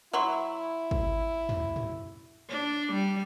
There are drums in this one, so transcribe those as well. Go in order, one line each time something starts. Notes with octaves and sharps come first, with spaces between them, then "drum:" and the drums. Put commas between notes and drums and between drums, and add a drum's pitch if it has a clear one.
F#3 E4 F#4 E5 A#5 C6 C#6
drum: kick
drum: tom
drum: tom
D4
G3